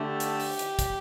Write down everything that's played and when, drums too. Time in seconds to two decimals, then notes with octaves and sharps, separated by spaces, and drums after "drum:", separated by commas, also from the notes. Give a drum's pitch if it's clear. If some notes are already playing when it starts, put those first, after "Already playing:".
Already playing: D3 A3 G4
0.20 drum: hi-hat
0.40 drum: open hi-hat
0.59 drum: hi-hat
0.79 drum: kick, hi-hat